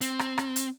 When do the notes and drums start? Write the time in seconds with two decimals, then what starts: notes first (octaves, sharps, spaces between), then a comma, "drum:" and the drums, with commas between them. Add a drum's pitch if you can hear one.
0.01 C4, drum: hi-hat
0.19 drum: rim click
0.38 drum: rim click
0.56 drum: hi-hat